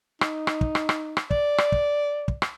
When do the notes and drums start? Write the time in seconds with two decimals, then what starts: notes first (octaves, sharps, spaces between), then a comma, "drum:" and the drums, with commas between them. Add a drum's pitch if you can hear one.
0.21 D#4, drum: rim click
0.47 drum: rim click
0.61 drum: kick
0.75 drum: rim click
0.89 drum: rim click
1.17 drum: rim click
1.31 D5, drum: kick
1.58 drum: rim click
1.72 drum: kick
2.28 drum: kick
2.42 drum: rim click